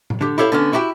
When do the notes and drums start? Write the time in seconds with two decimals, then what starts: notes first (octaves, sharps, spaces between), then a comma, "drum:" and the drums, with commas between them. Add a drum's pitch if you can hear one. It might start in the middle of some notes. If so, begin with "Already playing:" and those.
0.10 drum: tom A2
0.21 D3 G4
0.38 E4 G4 A4 C#5 F5
0.52 D3 B3 C#4
0.73 E4 F#4 G4 G5